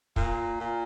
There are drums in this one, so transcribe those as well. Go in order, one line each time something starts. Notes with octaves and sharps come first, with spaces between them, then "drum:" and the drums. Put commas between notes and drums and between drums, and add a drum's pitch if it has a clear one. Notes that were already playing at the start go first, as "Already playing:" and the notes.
A#2, drum: kick
A#2